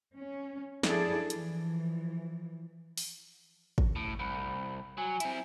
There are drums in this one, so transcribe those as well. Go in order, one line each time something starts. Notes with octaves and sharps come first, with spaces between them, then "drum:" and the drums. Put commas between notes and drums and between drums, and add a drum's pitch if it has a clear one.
C#4
F3 D4 E4 G#4 A4 D5, drum: snare
E3 F3, drum: hi-hat
drum: open hi-hat
drum: kick G#1
A2
C2 B5
F#3 G#5
C4 E4, drum: hi-hat